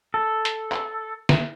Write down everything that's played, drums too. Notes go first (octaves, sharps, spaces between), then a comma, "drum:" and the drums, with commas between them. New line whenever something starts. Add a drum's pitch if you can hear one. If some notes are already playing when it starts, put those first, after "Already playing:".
A4
drum: hi-hat
drum: clap
drum: snare